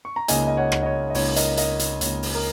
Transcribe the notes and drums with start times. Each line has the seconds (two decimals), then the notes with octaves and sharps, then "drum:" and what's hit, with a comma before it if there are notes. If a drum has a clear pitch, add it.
0.05 C#6
0.16 A#5
0.28 C#2 C#3 A#3 D#4 D#5 G#5, drum: hi-hat
0.47 D#5
0.57 C#5 F#5
0.72 drum: rim click
0.83 D#5
0.86 C#5
1.10 D#5
1.15 C#2 C#3 A#3 D#4 C#5, drum: open hi-hat
1.36 A#4 D#5, drum: hi-hat
1.57 A#4 D#5, drum: hi-hat
1.79 drum: hi-hat
2.01 C#2 C#3 A#3 D#4 C#5, drum: hi-hat
2.23 drum: open hi-hat
2.35 A#4